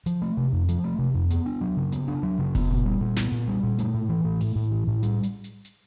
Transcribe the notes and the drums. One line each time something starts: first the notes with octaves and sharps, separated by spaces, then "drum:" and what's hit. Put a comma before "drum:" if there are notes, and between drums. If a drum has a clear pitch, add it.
F3, drum: hi-hat
A3
C3
F2
F3, drum: hi-hat
A3
C3
F2
B3, drum: hi-hat
D4
F#3
C#3
B3, drum: hi-hat
D4
F#3
C#3
B3, drum: kick F1, open hi-hat
A#2
G3
A#2
B3, drum: snare
A#2
G3
A#2
A3, drum: hi-hat
A2
E3
A2
A3, drum: open hi-hat
A2
E3
A2
G3, drum: hi-hat
drum: hi-hat
drum: hi-hat
drum: hi-hat